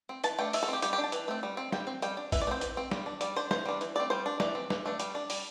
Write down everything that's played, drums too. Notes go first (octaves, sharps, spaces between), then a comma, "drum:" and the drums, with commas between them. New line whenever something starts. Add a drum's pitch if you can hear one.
C4
E3 A5, drum: hi-hat
A3 D4 G5
E3 E5, drum: open hi-hat
A4
C4 G4
G3 G4, drum: hi-hat
G4
D4
A5
E3, drum: hi-hat
A3 C4
G3
C4
G3 G5, drum: snare
C4
G3 G5, drum: hi-hat
D4
E3 E5, drum: kick, open hi-hat
D5
A3
C4 C5
E3, drum: hi-hat
C4
G3, drum: snare
D4
G3 D5, drum: hi-hat
D4 C5
E3 C5, drum: snare
G3 D4
E3, drum: hi-hat
A3 C4 D5
G3 C5
D4
E3 D5, drum: snare
C4
E3, drum: snare
A3 D4
G3, drum: hi-hat
D4
G3, drum: open hi-hat